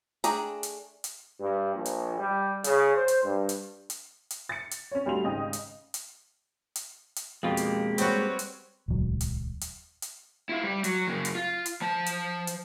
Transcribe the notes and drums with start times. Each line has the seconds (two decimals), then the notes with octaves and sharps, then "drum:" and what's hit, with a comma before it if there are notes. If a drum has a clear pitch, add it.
0.24 A3 D4 G#4 G5 A#5, drum: hi-hat
0.63 drum: hi-hat
1.04 drum: hi-hat
1.39 G2
1.74 A#1
1.86 drum: hi-hat
2.19 G3
2.64 C#3, drum: hi-hat
2.95 C5
3.08 drum: hi-hat
3.24 G2
3.49 drum: hi-hat
3.90 drum: hi-hat
4.31 drum: hi-hat
4.49 A6 C#7
4.71 drum: hi-hat
4.91 C#4 C#5
5.06 D2 G3 F#4 C6 F7
5.23 G#1 G#2 C#3 D#5 G5 D#6
5.53 drum: hi-hat
5.94 drum: hi-hat
6.76 drum: hi-hat
7.16 drum: hi-hat
7.43 F2 B2 G#3 A#3 F4 G4
7.57 drum: hi-hat
7.98 G3 C4 F#4 B4 C#5, drum: hi-hat
8.39 drum: hi-hat
8.88 D#1 C#2 F#3
9.21 drum: hi-hat
9.61 drum: hi-hat
10.02 drum: hi-hat
10.49 E4 F4
10.63 G3
10.84 F#3, drum: hi-hat
11.08 F#2 C#3
11.25 drum: hi-hat
11.35 F4
11.66 drum: hi-hat
11.81 F3 A5
12.06 drum: hi-hat
12.47 drum: hi-hat